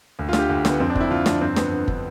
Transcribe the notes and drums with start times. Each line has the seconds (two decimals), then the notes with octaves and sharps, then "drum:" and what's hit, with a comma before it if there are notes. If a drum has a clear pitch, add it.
0.19 D2
0.29 F4
0.33 D3, drum: snare
0.39 G4
0.49 D2
0.65 D3 B3, drum: snare
0.80 F2 C4
0.90 D4
0.95 F2, drum: kick
1.00 E4
1.11 D3 F4
1.26 F2 D4, drum: snare
1.41 G2 C4
1.56 G2 B3, drum: snare
1.72 D3
1.88 D3, drum: kick